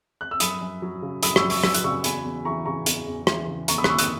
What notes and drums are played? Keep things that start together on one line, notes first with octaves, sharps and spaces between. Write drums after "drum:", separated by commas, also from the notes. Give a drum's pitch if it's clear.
F#6
E6
F#2 B5 D#6, drum: hi-hat
F#2
F#3
C#3
F#2 B5 D#6, drum: hi-hat
C#6 E6, drum: rim click
F#2
C#6 E6, drum: open hi-hat
F#3 E6, drum: rim click
F#6, drum: hi-hat
C#3 C#6 E6
E2 G#5 B5, drum: hi-hat
E2
E3 A#5 C#6
C#3 A#5 C#6
E2, drum: hi-hat
E2
E3, drum: rim click
C#3
D#2 A#5 C#6, drum: hi-hat
B5 D#6
F#6, drum: rim click
D#2 C#6 E6
D#6 F#6, drum: hi-hat